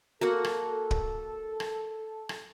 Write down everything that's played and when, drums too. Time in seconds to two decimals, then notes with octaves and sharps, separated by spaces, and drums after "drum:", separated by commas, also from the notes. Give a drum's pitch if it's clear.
0.21 A#3 F#4 A4 F#5
0.44 drum: rim click
0.91 drum: kick
1.60 drum: rim click
2.29 drum: rim click